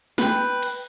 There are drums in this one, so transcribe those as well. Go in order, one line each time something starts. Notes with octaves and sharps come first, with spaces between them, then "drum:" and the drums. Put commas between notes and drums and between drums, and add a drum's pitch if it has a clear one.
B4 G5, drum: snare
drum: cymbal